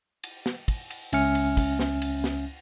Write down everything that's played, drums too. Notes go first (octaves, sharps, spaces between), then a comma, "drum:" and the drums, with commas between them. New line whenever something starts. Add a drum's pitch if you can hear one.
drum: cymbal
drum: snare
drum: kick, cymbal
drum: cymbal
C#2 C#4 E5 G#5 F6 C#7, drum: cymbal
drum: cymbal
drum: kick, cymbal
drum: snare
drum: cymbal
drum: snare